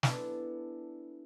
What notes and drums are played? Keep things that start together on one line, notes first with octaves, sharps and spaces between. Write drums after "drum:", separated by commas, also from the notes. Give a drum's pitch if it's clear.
B3 D4 E4 G#4 A4, drum: snare